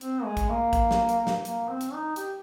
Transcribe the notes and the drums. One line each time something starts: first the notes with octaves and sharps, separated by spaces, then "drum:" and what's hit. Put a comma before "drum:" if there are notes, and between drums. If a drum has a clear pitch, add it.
C4, drum: hi-hat
G#3
drum: kick A1, hi-hat
A#3
drum: kick A1, hi-hat
drum: snare
drum: hi-hat
drum: snare
A#3, drum: hi-hat
C4
drum: hi-hat
D#4
G4, drum: hi-hat